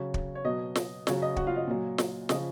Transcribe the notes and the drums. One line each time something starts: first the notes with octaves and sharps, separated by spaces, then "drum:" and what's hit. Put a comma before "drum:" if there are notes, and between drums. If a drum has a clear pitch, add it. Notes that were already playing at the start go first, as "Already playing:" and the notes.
Already playing: C#3 F#3 C#5
drum: kick
C#5
B2 F#3 D#5
drum: snare
C#3 F#3 C#5, drum: snare
D#5
F#4 F#5, drum: kick
F4 F5
D#5
A#2 F#3
drum: snare
C#3 F3 D#5, drum: snare